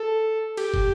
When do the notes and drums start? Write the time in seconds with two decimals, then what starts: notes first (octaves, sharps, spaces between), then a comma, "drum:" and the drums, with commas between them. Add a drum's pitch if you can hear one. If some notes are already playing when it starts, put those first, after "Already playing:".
Already playing: A4
0.57 G4, drum: cymbal
0.74 drum: kick